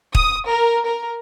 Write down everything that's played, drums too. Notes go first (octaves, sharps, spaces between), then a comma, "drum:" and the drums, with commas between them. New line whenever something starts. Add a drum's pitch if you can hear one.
D#6, drum: kick
A#4
A#4